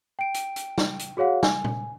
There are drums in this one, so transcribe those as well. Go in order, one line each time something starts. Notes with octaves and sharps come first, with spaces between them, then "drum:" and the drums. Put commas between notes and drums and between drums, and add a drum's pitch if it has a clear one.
G5 D7
drum: hi-hat
drum: hi-hat
drum: snare
drum: hi-hat
F#4 G#4 C#5 F5 F#5
G#5, drum: snare
drum: tom A#2